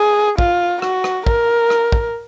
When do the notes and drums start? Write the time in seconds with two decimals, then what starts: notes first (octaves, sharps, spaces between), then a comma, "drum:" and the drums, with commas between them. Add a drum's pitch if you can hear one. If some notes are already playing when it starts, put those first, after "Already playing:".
Already playing: G#4
0.38 F4, drum: kick
0.82 F#4, drum: rim click
1.04 drum: rim click
1.26 A#4, drum: kick
1.70 drum: rim click
1.92 drum: kick